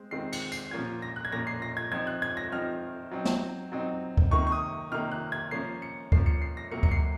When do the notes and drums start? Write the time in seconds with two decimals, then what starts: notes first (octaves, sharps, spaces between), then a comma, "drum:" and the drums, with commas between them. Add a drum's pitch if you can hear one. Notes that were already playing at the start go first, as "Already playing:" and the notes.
Already playing: G#3 C4
0.11 D#3 G#3 C4 F4 C7
0.32 C#7, drum: cymbal
0.52 C7, drum: tambourine
0.71 A#2 F3 A#3 C#4 F4 G#6
1.02 A#6
1.16 F#6
1.25 G#6
1.31 A#2 F3 A#3 C#4 F4 A#6
1.47 C7
1.62 A#6
1.77 G#6
1.92 F3 C4 D#4 G#6
2.07 F#6
2.22 G#6
2.37 A#6
2.52 F3 C4 D#4 F6
3.11 F#3 C4 D#4
3.25 drum: snare
3.72 F#3 C4 D#4
4.17 drum: kick D2
4.31 C3 D#3 A#3 C#6
4.47 C#6
4.52 D#6
4.92 C3 D#3 A#3 F6
5.12 F#6
5.32 G#6
5.51 F3 A#3 C#4 C7
5.82 C#7
6.12 F3 A#3 C#4 C7, drum: kick D2
6.26 C#7
6.42 C7
6.57 A#6
6.71 C3 F#3 A#3 C#7
6.83 C#7, drum: kick D2
6.91 C7